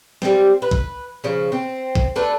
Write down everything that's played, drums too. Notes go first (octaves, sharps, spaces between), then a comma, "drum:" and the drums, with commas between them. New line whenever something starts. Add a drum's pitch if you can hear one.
G3 C4, drum: snare
B4
drum: kick A#1
C#3 F3
C4
drum: kick A#1
A3 D4 B4